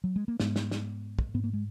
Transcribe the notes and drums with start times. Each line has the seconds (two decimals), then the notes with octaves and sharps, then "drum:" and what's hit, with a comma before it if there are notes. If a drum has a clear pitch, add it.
0.04 F#3
0.16 G#3
0.28 A#3
0.40 G#2 G#3 B3, drum: snare
0.56 drum: snare
0.71 drum: snare
1.19 drum: kick
1.34 G#2 B3
1.44 A#3
1.53 G#3